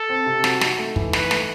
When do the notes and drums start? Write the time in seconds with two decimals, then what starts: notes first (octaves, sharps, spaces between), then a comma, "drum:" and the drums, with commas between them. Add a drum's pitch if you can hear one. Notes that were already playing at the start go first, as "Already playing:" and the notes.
Already playing: A4
0.09 C4
0.26 C3
0.44 F#4, drum: snare
0.61 D#4, drum: snare
0.78 A3
0.96 E3, drum: kick
1.13 D#4 B4, drum: snare
1.31 A3, drum: snare